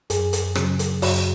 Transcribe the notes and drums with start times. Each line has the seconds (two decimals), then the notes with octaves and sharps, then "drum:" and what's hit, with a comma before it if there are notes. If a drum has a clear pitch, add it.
0.10 F#2 G#4, drum: hi-hat
0.33 drum: hi-hat
0.55 C#3 F#3, drum: rim click
0.79 drum: hi-hat
1.02 F#2 F#4, drum: open hi-hat